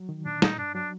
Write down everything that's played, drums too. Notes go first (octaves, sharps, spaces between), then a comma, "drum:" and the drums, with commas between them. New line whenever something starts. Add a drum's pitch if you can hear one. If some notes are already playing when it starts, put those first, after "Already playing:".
Already playing: F#3
D#3
A#2 D4
A#2 D#4, drum: snare
G2 D4
F#3 D4